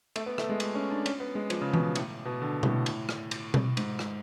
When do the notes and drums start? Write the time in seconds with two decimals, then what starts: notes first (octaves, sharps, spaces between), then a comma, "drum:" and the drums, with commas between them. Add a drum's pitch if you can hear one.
0.16 A3, drum: cymbal
0.26 B3
0.38 A3, drum: rim click
0.49 G#3
0.60 A3, drum: cymbal
0.75 C#4
0.91 D4
1.06 C#4, drum: cymbal
1.20 B3
1.35 G#3
1.50 F3, drum: cymbal
1.61 C#3
1.74 B2, drum: tom E3
1.95 A2, drum: cymbal
2.25 B2
2.42 D3
2.63 A2, drum: tom B2
2.86 drum: cymbal
3.09 drum: rim click
3.31 drum: cymbal
3.54 drum: tom B2
3.77 G#2, drum: cymbal
3.99 drum: rim click